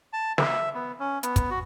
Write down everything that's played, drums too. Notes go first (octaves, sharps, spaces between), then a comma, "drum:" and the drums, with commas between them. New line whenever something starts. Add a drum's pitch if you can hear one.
A5
E5, drum: snare
B3
C#4
B3, drum: hi-hat
drum: kick, hi-hat
F#4